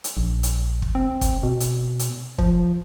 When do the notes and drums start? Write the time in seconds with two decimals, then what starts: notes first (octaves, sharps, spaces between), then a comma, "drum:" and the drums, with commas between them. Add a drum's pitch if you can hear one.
0.04 drum: hi-hat
0.17 A#1
0.43 drum: hi-hat
0.82 drum: kick
0.95 C4
1.21 drum: kick, hi-hat
1.43 B2
1.60 drum: hi-hat
1.99 drum: hi-hat
2.38 F3, drum: kick